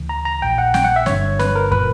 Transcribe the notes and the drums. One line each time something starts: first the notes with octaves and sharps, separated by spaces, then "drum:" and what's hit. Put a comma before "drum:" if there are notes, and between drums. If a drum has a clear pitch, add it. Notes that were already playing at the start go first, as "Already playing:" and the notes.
Already playing: D2 C#3 E3
A#5
A#5
A#1 A#2 G5
F#5
G5, drum: snare
F#5
E5
G1 G2 D3 C#5, drum: snare
B4, drum: snare
A#4
A#2 B4, drum: kick